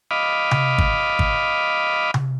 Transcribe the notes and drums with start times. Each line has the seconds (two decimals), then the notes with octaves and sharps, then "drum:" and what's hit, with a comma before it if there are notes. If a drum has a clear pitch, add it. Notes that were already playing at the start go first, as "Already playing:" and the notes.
0.11 D#5 F5 B5 D6
0.51 drum: tom C3
0.78 drum: kick
1.19 drum: kick
2.14 drum: tom C3